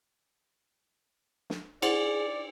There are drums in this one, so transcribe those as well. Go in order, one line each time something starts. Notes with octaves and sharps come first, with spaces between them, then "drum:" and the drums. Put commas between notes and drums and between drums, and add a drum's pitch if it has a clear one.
drum: snare
E4 G#4 C5 D5 F#5, drum: cymbal